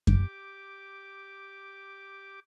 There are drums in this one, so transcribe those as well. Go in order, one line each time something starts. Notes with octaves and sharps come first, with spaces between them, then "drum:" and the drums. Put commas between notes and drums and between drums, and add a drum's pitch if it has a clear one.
G4 D6, drum: kick F#2